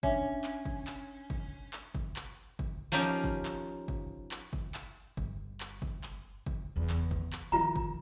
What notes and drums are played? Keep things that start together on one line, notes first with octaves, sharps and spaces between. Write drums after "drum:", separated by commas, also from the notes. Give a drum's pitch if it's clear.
C#4 D4 E5, drum: kick
drum: clap
drum: kick
drum: clap
drum: kick
drum: clap
drum: kick
drum: clap
drum: kick
F3 A#3 C#4 D#4 G4
drum: clap
drum: kick
drum: clap
drum: kick
drum: clap
drum: kick
drum: clap
G1, drum: kick
drum: clap
drum: kick
drum: clap
drum: kick
F#1 E2
drum: clap
drum: kick
drum: clap
D#3 F3 E4 F4 A#5
drum: kick